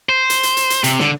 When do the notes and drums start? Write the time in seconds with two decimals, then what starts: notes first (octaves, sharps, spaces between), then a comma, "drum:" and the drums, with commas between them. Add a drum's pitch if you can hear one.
0.09 C5
0.30 drum: hi-hat
0.43 drum: hi-hat
0.57 drum: hi-hat
0.70 drum: hi-hat
0.84 C3, drum: hi-hat
0.99 D3, drum: snare